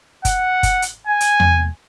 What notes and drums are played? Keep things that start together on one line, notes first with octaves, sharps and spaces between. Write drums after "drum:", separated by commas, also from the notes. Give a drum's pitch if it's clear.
F#5, drum: kick F#1, hi-hat
drum: kick F#1, hi-hat
drum: hi-hat
G#5
drum: hi-hat
drum: tom E2